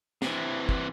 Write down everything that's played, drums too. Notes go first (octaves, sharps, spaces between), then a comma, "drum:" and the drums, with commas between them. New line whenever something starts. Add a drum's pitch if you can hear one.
C3 E3, drum: snare
drum: kick